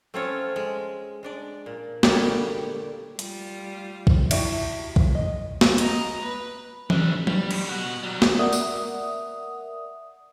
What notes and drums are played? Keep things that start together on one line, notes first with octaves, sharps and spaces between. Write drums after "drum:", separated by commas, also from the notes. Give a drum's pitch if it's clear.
A3 C4 C#4 F4 A4 C#5
G#3
G#3 D4 D5
A#2
D3 G3 A#3 G4 C#5 D5, drum: snare
G3 F4, drum: hi-hat
drum: kick
E4 F#4 G4 D5 E5, drum: cymbal
drum: kick
D#5
drum: snare
D#5 A#5, drum: hi-hat
B4
D3 G3, drum: tom E3
G3, drum: tom F#3
drum: cymbal
B2 F#4
F#3 G3
drum: snare
A#4 D5 E5 F#5 D#6
drum: tambourine